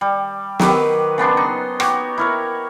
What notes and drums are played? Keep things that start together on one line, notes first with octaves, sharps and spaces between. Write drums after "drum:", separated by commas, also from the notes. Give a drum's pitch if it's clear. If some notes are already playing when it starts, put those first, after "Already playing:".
G3
D#3 F#3 G4 B4, drum: snare
C#3 B3 D4 C5
D#4
F#4 G4 C#5, drum: rim click
E4 A#4 C#5